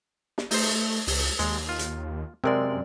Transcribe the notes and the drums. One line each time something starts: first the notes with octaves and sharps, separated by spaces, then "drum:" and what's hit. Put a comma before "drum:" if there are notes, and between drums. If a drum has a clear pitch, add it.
drum: snare
A3 D#4 C5, drum: open hi-hat
C#2, drum: open hi-hat
D#2 G#3, drum: hi-hat
F4
drum: hi-hat
F#2 C3 G#3 C4 A#4 D5